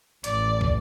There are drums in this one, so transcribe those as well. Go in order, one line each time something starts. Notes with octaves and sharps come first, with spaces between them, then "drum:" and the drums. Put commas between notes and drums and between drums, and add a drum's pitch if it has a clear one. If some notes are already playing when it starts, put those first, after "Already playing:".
A1 D5, drum: hi-hat
drum: kick